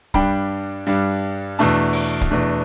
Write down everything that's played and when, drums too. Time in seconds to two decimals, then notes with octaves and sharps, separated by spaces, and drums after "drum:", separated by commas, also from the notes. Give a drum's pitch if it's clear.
0.14 G2 G3 D4 G5 B5, drum: kick C#1
0.87 G2 G3 D4
1.59 E2 B2 A3 D4 E5 A5
1.93 drum: open hi-hat
2.21 drum: kick C#1
2.31 E2 B2 A3 D4